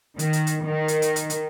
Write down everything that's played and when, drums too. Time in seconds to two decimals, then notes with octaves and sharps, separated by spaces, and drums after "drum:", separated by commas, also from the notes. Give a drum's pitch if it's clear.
0.19 D#3, drum: hi-hat
0.33 drum: hi-hat
0.47 drum: hi-hat
0.66 D#3
0.88 drum: hi-hat
1.02 drum: hi-hat
1.16 drum: hi-hat
1.30 drum: hi-hat